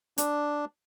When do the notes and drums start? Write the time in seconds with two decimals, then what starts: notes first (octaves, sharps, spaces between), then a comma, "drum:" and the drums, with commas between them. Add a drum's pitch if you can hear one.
0.18 D4, drum: hi-hat